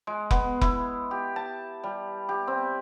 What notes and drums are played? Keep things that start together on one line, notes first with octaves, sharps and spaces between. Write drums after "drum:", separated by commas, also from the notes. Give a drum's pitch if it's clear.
G#3
B3, drum: kick F1
E4, drum: kick F1
G4
A5
G3
G4
C4